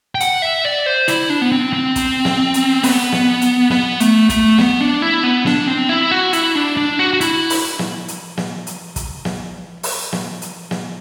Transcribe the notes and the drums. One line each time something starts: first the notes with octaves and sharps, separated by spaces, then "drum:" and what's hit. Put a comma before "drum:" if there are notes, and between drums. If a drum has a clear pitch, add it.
G5
F#5, drum: hi-hat
E5
D5
C5
E4, drum: hi-hat
D4
B3
C4
C4
drum: kick, hi-hat
drum: snare
drum: hi-hat
B3, drum: open hi-hat
drum: snare
drum: hi-hat
B3, drum: snare
A3, drum: hi-hat
A3, drum: kick, hi-hat
B3, drum: snare
D4
E4
B3
D4, drum: snare
C4
E4
F#4
E4, drum: hi-hat
D4
D4
F#4
F#4
E4, drum: hi-hat
drum: open hi-hat
drum: snare
drum: hi-hat
drum: snare
drum: hi-hat
drum: kick, hi-hat
drum: snare
drum: open hi-hat
drum: snare
drum: hi-hat
drum: snare